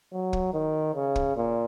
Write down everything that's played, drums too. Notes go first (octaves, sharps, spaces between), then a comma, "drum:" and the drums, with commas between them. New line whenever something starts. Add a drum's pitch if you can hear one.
F#3
drum: kick
D#3
C#3
drum: kick
A#2